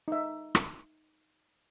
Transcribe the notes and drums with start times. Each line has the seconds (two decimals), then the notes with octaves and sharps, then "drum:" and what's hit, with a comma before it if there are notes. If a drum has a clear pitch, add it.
0.08 D#4 E5
0.55 drum: rim click